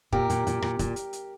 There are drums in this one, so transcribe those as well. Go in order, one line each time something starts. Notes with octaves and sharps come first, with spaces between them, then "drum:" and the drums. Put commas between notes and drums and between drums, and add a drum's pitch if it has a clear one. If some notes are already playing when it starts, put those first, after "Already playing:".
A#2 G4 A#4, drum: kick
A#2, drum: hi-hat
A#2, drum: hi-hat
A#2, drum: rim click
A#2, drum: kick, hi-hat
drum: hi-hat
drum: hi-hat